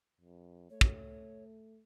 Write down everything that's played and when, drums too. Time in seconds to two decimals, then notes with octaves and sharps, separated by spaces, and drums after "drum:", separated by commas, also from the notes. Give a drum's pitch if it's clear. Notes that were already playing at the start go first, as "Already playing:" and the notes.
0.21 F2
0.70 A3 C#5
0.81 drum: kick